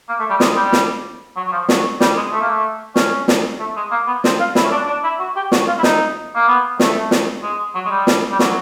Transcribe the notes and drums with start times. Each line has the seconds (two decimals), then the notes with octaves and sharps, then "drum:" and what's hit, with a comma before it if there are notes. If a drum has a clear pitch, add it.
0.09 A#3
0.20 A3
0.30 G3
0.40 G#3, drum: snare
0.56 G3
0.72 drum: snare
1.36 F#3
1.48 F#3
1.52 F3
1.69 F#3, drum: snare
2.01 G3, drum: snare
2.16 G#3
2.32 A3
2.41 A#3
2.50 A3
2.96 C#4, drum: snare
3.28 drum: snare
3.60 A3
3.76 G#3
3.91 A#3
4.07 B3
4.24 C4, drum: snare
4.40 F4
4.55 E4, drum: snare
4.64 C#4
4.72 D4
4.87 D4
5.04 E4
5.19 F#4
5.36 G4
5.52 F#4, drum: snare
5.67 F4
5.78 E4
5.83 D#4, drum: snare
6.35 A#3
6.48 B3
6.80 A3, drum: snare
7.11 drum: snare
7.43 G#3
7.75 F#3
7.86 G#3
7.91 G3
8.07 drum: snare
8.32 G3
8.39 F#3, drum: snare